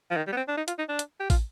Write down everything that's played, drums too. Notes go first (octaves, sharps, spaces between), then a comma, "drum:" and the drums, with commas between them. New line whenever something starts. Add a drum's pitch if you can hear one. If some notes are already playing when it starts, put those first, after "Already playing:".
F3
D#3
G3
B3
C4
D4
D#4
F4, drum: hi-hat
D#4
D4
drum: hi-hat
G4
F4, drum: kick, open hi-hat